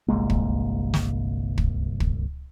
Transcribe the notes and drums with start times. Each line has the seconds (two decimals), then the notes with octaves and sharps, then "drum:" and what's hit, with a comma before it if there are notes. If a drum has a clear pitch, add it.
0.08 G1 C2 G#3 A#3
0.30 drum: kick
0.94 drum: snare
1.58 drum: kick
2.00 drum: kick